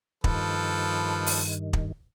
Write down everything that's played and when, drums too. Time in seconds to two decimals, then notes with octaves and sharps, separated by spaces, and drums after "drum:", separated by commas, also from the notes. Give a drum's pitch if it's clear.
0.24 G2 D#3 F3 A4 B4, drum: kick
1.27 drum: open hi-hat
1.73 drum: kick